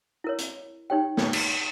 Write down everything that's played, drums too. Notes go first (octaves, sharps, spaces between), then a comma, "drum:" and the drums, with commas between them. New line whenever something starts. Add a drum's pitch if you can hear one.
E4 A#4 C#5
drum: hi-hat
D#4 G4 C#5 G5
drum: snare
drum: cymbal